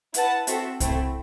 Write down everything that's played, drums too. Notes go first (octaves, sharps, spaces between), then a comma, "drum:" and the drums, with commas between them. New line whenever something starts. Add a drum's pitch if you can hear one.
E4 B4 F#5 A5, drum: hi-hat
C4 F#4 A4 E5, drum: hi-hat
A3 C4 E4, drum: kick C2, hi-hat